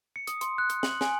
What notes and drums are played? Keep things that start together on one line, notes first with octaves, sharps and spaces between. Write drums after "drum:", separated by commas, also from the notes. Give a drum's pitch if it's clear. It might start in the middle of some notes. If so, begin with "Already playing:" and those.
C#7
D#6, drum: hi-hat
C6, drum: hi-hat
F#6
F#6, drum: hi-hat
F#7, drum: snare
G#5, drum: snare